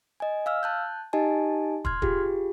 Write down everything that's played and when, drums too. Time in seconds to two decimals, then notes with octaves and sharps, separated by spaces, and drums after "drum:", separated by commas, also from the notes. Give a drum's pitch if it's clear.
0.20 D#5 G#5
0.46 F5 E6 F6
0.63 A5 F#6 G6
1.13 D#4 G4 D#5 G#5 A5
1.85 C6 F6 G#6, drum: kick
2.02 F4 G4 G#4, drum: kick